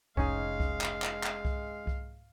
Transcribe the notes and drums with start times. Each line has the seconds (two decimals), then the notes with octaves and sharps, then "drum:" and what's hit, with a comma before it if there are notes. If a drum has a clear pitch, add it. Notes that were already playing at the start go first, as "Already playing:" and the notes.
0.17 F1 G#3 C#4 D#4 G#4 F5, drum: kick C2
0.60 drum: kick C2
0.81 drum: clap
1.02 drum: clap
1.24 drum: clap
1.45 drum: kick C2
1.87 drum: kick C2